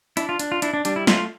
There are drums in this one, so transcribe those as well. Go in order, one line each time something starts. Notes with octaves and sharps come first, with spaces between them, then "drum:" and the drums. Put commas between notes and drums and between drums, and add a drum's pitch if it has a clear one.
D4 E4, drum: hi-hat
F4
D4, drum: hi-hat
F4
D4 E4, drum: hi-hat
D4
G3 D4, drum: hi-hat
E4
A3 F4, drum: snare